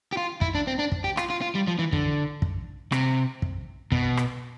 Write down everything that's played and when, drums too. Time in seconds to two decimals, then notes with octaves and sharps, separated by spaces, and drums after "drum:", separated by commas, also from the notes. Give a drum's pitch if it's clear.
0.13 G4
0.17 F4
0.41 E4, drum: kick
0.55 D4
0.67 C4
0.79 D4
0.92 drum: kick
1.04 G4
1.17 F4, drum: rim click
1.30 F4
1.41 F4
1.55 G3
1.67 F3
1.79 E3
1.92 D3, drum: kick
2.42 drum: kick
2.92 C3, drum: rim click
3.42 drum: kick
3.92 B2, drum: kick
4.17 drum: rim click